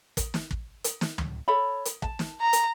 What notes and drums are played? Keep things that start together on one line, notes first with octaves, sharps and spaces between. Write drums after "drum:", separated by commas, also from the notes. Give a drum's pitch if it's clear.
drum: kick, hi-hat
drum: snare
drum: kick
drum: hi-hat
drum: snare
drum: tom
A4 C#5 B5
drum: hi-hat
A5, drum: kick
drum: snare
A#5
drum: hi-hat